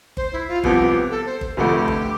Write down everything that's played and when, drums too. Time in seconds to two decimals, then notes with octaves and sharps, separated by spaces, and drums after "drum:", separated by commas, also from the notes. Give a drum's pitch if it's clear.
0.17 C5, drum: kick G1
0.33 E4
0.48 F4
0.64 C2 C3 F3 B3 G4, drum: kick G1
1.10 A4
1.26 C5
1.41 drum: kick G1
1.57 F1 F2 D3 A3 G4
1.88 drum: kick G1